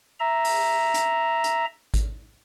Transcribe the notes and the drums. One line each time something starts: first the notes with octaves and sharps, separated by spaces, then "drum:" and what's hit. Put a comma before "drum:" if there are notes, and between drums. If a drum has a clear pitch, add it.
E5 A#5
drum: open hi-hat
drum: hi-hat
drum: hi-hat
drum: kick G#1, hi-hat